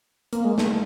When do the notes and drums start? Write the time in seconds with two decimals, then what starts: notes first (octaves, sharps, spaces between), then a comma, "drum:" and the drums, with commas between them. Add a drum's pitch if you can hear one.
0.33 A#3, drum: hi-hat
0.44 G#3
0.58 A3, drum: snare